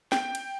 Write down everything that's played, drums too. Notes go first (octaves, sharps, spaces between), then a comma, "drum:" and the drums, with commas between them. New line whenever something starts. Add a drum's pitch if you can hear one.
G5, drum: snare
drum: cymbal